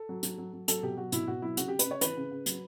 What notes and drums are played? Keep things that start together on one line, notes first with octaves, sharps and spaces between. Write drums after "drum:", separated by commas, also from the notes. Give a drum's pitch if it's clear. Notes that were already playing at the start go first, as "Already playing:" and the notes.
Already playing: A4
F#3
F#3, drum: hi-hat
F#3
F#3
F#3 A4, drum: hi-hat
B2 G4
F#3 F#4
B2 E4, drum: hi-hat
B2 F#4
F#3 E4
C#3 F#4, drum: hi-hat
C#3 G4
B4, drum: hi-hat
C#3 C#5
E3 B4, drum: hi-hat
C#3
C#3
F#3, drum: hi-hat